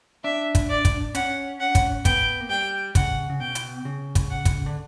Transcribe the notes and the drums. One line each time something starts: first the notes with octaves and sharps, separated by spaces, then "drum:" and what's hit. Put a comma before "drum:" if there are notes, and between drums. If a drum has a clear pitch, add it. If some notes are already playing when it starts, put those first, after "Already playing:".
D4 E5
drum: kick, hi-hat
D5
drum: kick, hi-hat
C#4 F#5, drum: hi-hat
F#5
drum: kick, hi-hat
B3 G5, drum: kick, hi-hat
A#3
G3 G5
C#3 F#5, drum: kick, hi-hat
C#3
B2 G5
drum: hi-hat
C#3
drum: kick, hi-hat
F#5
drum: kick, hi-hat
D3